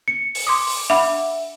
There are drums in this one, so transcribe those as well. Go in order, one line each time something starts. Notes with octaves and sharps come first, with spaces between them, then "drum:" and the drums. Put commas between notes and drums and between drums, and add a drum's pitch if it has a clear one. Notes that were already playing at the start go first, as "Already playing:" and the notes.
C#7
drum: open hi-hat
C6 D6 D#6
drum: open hi-hat
D4 E5 F#5 B5